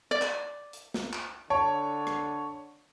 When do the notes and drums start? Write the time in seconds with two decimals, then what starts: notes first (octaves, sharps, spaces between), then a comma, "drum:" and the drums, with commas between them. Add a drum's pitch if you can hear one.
0.11 D5
0.22 drum: clap
0.73 drum: hi-hat
0.94 drum: snare
1.13 drum: clap
1.50 D3 C#5 A5
2.07 drum: rim click